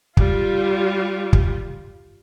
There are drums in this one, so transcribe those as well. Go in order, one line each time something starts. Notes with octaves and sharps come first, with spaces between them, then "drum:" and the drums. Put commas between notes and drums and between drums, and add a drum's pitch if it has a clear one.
G3 F4, drum: kick
drum: kick